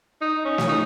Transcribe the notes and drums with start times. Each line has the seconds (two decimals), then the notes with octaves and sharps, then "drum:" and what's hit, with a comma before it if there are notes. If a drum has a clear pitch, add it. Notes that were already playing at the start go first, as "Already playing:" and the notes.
0.21 D#4
0.45 C#4
0.58 drum: snare
0.69 D#4